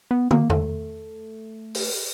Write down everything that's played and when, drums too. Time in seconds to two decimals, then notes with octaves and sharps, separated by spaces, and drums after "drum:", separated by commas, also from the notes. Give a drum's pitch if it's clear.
0.11 B3
0.31 A#3, drum: tom
0.50 A3, drum: tom E2
1.74 drum: open hi-hat